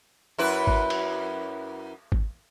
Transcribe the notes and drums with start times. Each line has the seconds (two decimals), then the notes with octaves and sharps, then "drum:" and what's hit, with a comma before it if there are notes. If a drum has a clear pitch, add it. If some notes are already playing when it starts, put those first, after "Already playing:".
0.38 F#2 E4 B4
0.67 drum: kick G#1
0.90 drum: cymbal
2.12 drum: kick G#1